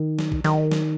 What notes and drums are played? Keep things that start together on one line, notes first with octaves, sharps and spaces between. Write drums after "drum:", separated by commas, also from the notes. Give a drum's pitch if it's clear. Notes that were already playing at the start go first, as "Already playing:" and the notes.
Already playing: D#3
drum: snare
drum: kick A#1
D#3, drum: snare
drum: snare